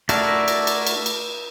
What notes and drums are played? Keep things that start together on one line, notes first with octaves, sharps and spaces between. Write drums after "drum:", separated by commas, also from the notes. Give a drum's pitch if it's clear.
A3 D4 E4 F#4 A#4, drum: cymbal
drum: cymbal
drum: cymbal
drum: cymbal
drum: cymbal